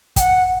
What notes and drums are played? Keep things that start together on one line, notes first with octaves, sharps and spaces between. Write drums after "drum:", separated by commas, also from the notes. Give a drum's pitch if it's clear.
G5, drum: kick, hi-hat
F#5